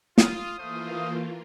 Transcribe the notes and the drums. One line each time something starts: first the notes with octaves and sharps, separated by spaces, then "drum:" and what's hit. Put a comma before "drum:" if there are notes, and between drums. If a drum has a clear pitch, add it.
F4 D#6, drum: snare
E3 A3 A#3 F4 C5 F5